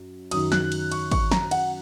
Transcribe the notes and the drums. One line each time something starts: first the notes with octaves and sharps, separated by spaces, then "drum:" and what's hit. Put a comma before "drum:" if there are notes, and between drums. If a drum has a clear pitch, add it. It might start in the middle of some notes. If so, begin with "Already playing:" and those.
Already playing: F#2
F#2 D#3 F#3 D#6, drum: cymbal
F#6, drum: snare
drum: cymbal
C#6, drum: cymbal
C#6, drum: kick G#1, cymbal
A#5, drum: snare
F#5, drum: cymbal